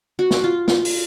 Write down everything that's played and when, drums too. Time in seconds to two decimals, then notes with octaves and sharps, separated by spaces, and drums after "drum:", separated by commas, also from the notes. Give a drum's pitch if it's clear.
0.19 F#4
0.31 drum: snare
0.44 F4
0.68 F4, drum: snare
0.85 drum: open hi-hat